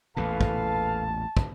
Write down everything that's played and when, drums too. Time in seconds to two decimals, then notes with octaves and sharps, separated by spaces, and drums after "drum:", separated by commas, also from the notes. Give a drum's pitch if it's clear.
0.17 A1 E2 A#2 A4 B4 F5 A5
0.41 drum: kick
1.37 drum: kick